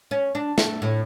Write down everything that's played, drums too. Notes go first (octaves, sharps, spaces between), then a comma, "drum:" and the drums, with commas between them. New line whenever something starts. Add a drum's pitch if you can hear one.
C#4
D4
A3, drum: snare
A2